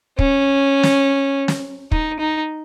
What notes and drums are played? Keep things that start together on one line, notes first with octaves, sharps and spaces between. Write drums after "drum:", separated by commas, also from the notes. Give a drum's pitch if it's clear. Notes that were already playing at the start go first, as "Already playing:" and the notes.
C#4, drum: kick
drum: snare
drum: snare
D#4, drum: kick
D#4